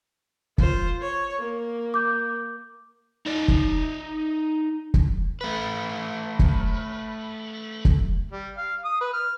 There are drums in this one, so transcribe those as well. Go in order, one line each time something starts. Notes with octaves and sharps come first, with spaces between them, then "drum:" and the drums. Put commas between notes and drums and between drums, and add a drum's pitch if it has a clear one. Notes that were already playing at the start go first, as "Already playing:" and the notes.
F4 C5, drum: kick
C#5
A#3
D6 G6
D#4 D5
drum: kick
drum: kick
A3 B4
drum: kick
drum: kick
G3
F5
D#6
B4
F6